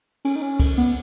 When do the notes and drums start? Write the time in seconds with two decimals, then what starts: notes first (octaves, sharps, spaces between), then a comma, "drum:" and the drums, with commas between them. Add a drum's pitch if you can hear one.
0.25 C#4, drum: cymbal
0.36 D#4
0.42 C#4
0.60 drum: kick, cymbal
0.78 B3